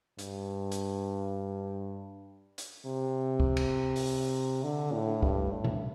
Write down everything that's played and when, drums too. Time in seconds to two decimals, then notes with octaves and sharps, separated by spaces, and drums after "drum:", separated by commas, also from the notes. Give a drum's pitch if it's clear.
0.19 G2, drum: hi-hat
0.72 drum: hi-hat
2.58 drum: hi-hat
2.86 C3
3.40 drum: kick
3.57 drum: cymbal
3.96 drum: open hi-hat
4.63 D3
4.93 A2
5.23 G2, drum: kick
5.52 A2
5.64 drum: tom A#2